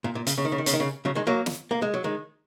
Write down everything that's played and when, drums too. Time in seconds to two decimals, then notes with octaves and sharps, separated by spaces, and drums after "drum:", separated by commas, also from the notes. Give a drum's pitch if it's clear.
0.04 A#2
0.15 A#2
0.27 C#3, drum: hi-hat
0.38 C#3
0.45 D#3
0.52 C#3
0.58 D#3
0.66 C#3, drum: hi-hat
0.73 D#3
0.80 C#3
1.05 C#3 F#3
1.15 D#3 G#3
1.27 F#3 A#3
1.46 drum: snare
1.71 A#3
1.82 G#3
1.94 F#3
2.04 D#3 G#3